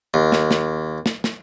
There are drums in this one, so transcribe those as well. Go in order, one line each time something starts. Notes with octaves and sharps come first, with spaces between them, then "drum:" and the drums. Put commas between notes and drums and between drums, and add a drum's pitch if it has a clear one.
D#2
drum: snare
drum: snare
drum: snare
drum: snare